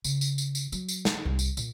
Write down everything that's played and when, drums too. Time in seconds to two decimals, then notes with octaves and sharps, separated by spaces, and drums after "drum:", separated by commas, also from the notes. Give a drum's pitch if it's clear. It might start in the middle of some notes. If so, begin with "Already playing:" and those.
0.04 C#3, drum: tambourine
0.21 drum: tambourine
0.38 drum: tambourine
0.55 drum: tambourine
0.72 F#3, drum: tambourine
0.88 drum: tambourine
1.05 drum: snare
1.25 C2
1.39 drum: tambourine
1.57 A#2, drum: tambourine